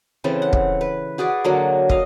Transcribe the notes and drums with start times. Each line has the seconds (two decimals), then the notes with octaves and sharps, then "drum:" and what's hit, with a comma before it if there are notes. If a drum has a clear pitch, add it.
0.24 C#3 E3 C4 A4
0.42 F#5
0.53 drum: kick
0.81 B4
1.18 F#4 G#4 B4 D5
1.44 D3 F#3 A#3
1.90 D#5 F5, drum: kick